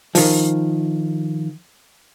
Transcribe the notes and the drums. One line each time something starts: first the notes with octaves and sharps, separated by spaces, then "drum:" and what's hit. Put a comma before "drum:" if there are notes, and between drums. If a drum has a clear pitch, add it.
D#3 F3, drum: open hi-hat